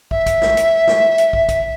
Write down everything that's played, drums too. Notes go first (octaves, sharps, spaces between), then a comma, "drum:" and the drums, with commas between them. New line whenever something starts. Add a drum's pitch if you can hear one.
E5, drum: kick
drum: kick, hi-hat
drum: snare
drum: hi-hat
drum: snare
drum: hi-hat
drum: kick
drum: kick, hi-hat